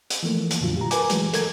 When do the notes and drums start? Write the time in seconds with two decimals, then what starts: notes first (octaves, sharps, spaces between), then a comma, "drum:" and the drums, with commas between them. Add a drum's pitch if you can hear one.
0.10 drum: hi-hat
0.23 E3 F3 A3 A#3
0.50 drum: hi-hat
0.61 F2 A#2 D3 F#3 F4
0.77 G4 A#5
0.91 A#4 B4 G#5 D6, drum: hi-hat
1.10 E3 F#3 G#3 A3, drum: hi-hat
1.33 A4 A#4 G#6, drum: hi-hat